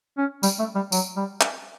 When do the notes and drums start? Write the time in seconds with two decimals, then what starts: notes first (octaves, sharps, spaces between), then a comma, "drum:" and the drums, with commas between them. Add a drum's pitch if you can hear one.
0.18 C#4
0.43 G3, drum: tambourine
0.59 A3
0.76 G3
0.92 F#3, drum: tambourine
1.17 G3
1.41 drum: clap